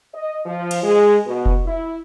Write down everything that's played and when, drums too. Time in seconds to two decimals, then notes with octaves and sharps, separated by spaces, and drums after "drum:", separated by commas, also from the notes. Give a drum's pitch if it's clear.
0.13 D#5
0.46 F3
0.71 drum: cymbal
0.83 G#3
1.26 B2
1.46 drum: kick F1
1.66 E4